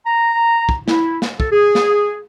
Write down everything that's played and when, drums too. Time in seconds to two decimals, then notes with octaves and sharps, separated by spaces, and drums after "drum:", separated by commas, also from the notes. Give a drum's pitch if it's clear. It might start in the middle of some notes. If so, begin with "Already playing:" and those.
0.06 A#5
0.69 drum: kick
0.88 E4, drum: snare
1.22 drum: snare
1.40 A4, drum: kick
1.52 G#4
1.75 drum: snare